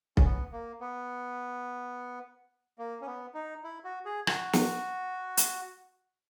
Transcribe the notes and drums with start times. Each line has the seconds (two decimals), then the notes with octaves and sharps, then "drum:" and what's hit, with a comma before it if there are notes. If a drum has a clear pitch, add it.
0.17 C#4, drum: kick B1
0.24 B3
0.52 A#3
0.81 B3
2.78 A#3
3.01 C#4
3.07 B3
3.34 D#4
3.64 E4
3.84 F#4
4.05 G#4
4.27 F#4, drum: rim click
4.53 drum: snare
5.37 drum: hi-hat